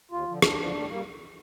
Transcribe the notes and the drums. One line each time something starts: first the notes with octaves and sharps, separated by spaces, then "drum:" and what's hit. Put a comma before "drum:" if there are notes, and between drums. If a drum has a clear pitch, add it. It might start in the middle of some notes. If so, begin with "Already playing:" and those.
D#2 F4
D3 F3
D#2 D4, drum: rim click
D3 F3
A2
G3 A#3